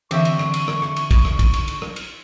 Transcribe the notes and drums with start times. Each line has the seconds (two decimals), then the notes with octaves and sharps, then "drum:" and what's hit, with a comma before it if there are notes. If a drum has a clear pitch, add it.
0.11 D3 E3 C4 E5 C#6, drum: cymbal
0.25 drum: cymbal
0.39 drum: rim click
0.54 drum: cymbal
0.68 drum: rim click
0.82 drum: rim click
0.96 drum: cymbal
1.11 drum: kick, cymbal
1.25 drum: rim click
1.39 drum: kick, cymbal
1.53 drum: cymbal
1.68 drum: cymbal
1.82 drum: rim click
1.96 drum: cymbal